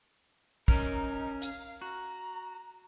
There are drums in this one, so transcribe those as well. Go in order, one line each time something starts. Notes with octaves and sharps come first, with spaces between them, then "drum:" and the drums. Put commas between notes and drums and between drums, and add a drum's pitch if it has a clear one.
C#4 D#4 A#4, drum: kick
F5, drum: hi-hat
F#4 A#5